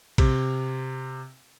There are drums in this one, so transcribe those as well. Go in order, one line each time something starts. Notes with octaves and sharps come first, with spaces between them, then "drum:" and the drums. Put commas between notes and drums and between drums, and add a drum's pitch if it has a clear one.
C3, drum: kick A#1, cymbal